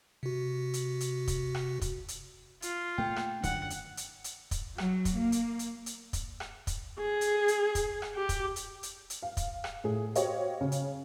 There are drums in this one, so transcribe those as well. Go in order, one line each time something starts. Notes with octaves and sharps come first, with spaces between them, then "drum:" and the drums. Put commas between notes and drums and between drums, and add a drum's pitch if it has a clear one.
C3 F#4
drum: hi-hat
drum: hi-hat
drum: kick, hi-hat
drum: rim click
drum: kick, hi-hat
drum: hi-hat
F4, drum: hi-hat
A#2 A3 A#3 G5
drum: rim click
F#2 D3 F#5, drum: kick, hi-hat
drum: hi-hat
drum: hi-hat
drum: hi-hat
drum: kick, hi-hat
F#3, drum: rim click
drum: kick, hi-hat
A#3
drum: hi-hat
drum: hi-hat
drum: hi-hat
drum: kick, hi-hat
drum: rim click
drum: kick, hi-hat
G#4
drum: hi-hat
drum: hi-hat
drum: kick, hi-hat
drum: rim click
G4
drum: kick, hi-hat
drum: hi-hat
drum: hi-hat
drum: hi-hat
F5
drum: kick, hi-hat
drum: rim click
A2 G#4
F#4 G4 C5 C#5 D#5 F5, drum: hi-hat
C#3 C#5
drum: hi-hat